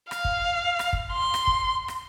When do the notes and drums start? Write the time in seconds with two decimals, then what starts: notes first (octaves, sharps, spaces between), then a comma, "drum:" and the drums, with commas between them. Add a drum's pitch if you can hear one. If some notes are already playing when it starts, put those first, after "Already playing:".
0.11 F5, drum: rim click
0.25 drum: kick
0.79 drum: rim click
0.93 drum: kick
1.12 C6
1.34 drum: rim click
1.47 drum: kick
1.88 drum: rim click